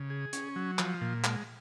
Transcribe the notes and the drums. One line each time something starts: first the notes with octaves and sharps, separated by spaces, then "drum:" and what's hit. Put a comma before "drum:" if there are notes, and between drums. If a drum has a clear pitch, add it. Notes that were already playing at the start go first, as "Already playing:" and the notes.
Already playing: C#3
G#4
C#4, drum: hi-hat
F#3
F3, drum: clap
A#2
G#3, drum: clap